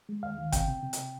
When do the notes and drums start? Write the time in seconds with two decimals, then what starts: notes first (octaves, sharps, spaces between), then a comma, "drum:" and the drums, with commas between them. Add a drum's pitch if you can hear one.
0.09 G#3
0.23 D#2 F5
0.38 D#3
0.52 C3 G5, drum: kick G1, hi-hat
0.68 C3
0.83 C3
0.93 drum: hi-hat